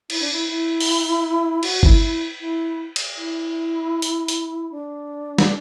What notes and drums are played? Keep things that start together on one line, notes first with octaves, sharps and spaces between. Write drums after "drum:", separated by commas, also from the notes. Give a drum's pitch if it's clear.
E4, drum: cymbal
D4
E4
E4
drum: open hi-hat
F#4, drum: cymbal
E4, drum: kick G1
E4
E4
drum: cymbal
E4
drum: hi-hat
drum: hi-hat
D4
drum: snare